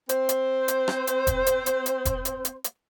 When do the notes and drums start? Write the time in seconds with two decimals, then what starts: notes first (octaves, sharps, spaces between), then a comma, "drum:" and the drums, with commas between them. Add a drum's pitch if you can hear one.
0.09 C4 C5, drum: hi-hat
0.29 drum: hi-hat
0.68 drum: hi-hat
0.88 drum: rim click
1.07 drum: hi-hat
1.27 drum: kick E1, hi-hat
1.47 drum: hi-hat
1.66 drum: hi-hat
1.86 drum: hi-hat
2.05 drum: kick E1, hi-hat
2.25 drum: hi-hat
2.45 drum: hi-hat
2.64 drum: hi-hat